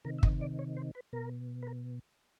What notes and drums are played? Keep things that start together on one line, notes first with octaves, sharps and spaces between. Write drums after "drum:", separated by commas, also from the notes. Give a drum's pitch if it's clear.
C3 D#3 A#4
E5
D#5, drum: kick
D5
C#5
C5
B4
B2 A#4
B4
A#4